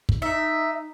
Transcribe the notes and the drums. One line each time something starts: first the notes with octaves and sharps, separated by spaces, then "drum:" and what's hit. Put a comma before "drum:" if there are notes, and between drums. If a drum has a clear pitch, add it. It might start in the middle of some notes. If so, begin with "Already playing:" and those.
drum: kick
D#4 E5